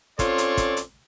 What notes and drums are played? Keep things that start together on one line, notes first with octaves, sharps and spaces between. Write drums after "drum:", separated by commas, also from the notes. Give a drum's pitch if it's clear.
C4 C#4 F4 A4 C#5 D5, drum: kick, hi-hat
drum: hi-hat
drum: kick, hi-hat
drum: hi-hat